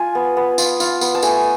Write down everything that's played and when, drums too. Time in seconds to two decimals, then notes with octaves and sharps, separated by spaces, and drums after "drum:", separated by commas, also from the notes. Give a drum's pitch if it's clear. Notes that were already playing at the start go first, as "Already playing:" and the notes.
Already playing: F4 G#5
0.15 B3
0.37 B3
0.58 F4, drum: tambourine
0.80 F4, drum: tambourine
1.01 B3, drum: tambourine
1.15 A5
1.23 A3 G#5, drum: tambourine